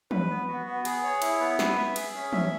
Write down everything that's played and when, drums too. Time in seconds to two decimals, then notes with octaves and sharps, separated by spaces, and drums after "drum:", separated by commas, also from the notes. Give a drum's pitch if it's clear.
0.11 B4, drum: tom E3
0.30 B3
0.48 F#4
0.67 B3
0.85 G#4, drum: cymbal
1.04 C#5
1.22 E4, drum: cymbal
1.40 B3
1.59 B4, drum: snare
1.78 E5
1.96 G#4, drum: cymbal
2.14 C#4
2.33 E5, drum: tom E3